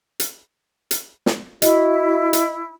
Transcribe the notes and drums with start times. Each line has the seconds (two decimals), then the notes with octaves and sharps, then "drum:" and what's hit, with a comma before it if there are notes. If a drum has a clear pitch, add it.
0.20 drum: hi-hat
0.91 drum: hi-hat
1.26 drum: snare
1.62 E4 F#4 D#5, drum: hi-hat
2.33 drum: hi-hat